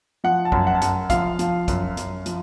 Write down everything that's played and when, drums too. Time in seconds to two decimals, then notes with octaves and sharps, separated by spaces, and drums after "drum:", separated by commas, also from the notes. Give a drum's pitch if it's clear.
0.24 F3 F#5
0.45 A5
0.52 F#2, drum: kick
0.67 F#5
0.75 A5
0.82 F#2 F#5, drum: hi-hat
1.10 F3 F5, drum: kick, hi-hat
1.39 F3, drum: hi-hat
1.68 F#2, drum: kick, hi-hat
1.97 F#2, drum: hi-hat
2.26 F3, drum: hi-hat